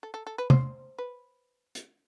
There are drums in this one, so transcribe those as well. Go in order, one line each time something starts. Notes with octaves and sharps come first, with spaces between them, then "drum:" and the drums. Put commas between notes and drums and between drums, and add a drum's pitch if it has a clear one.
A4
A4
A4
B4
C5, drum: tom C3
B4
drum: hi-hat